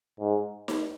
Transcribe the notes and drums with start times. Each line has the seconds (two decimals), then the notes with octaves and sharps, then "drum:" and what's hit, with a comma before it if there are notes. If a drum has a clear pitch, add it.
0.20 G#2
0.68 drum: snare D#4